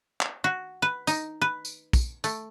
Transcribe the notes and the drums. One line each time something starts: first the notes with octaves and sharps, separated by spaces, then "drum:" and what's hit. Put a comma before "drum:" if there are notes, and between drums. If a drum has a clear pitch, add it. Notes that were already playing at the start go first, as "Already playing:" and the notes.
drum: clap
F#4
B4
D#4, drum: tambourine
B4
drum: tambourine
drum: kick, tambourine
A3, drum: tambourine